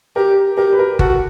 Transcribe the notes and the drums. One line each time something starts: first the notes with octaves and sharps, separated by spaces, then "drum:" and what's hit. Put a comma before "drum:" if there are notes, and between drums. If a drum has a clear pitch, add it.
G4 A#4
G4 A#4
B4
A#4
F#4 A4, drum: kick G1